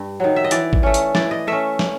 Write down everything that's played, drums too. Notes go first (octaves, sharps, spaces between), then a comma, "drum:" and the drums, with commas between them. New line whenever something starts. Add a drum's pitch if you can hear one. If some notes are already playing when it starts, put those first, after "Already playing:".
Already playing: G2
D#3 F#3
E5
D#5
E3 D5, drum: hi-hat
drum: kick
A3 C#4
drum: hi-hat
E3 D5, drum: snare
D#5
A3 C#4 E5
drum: snare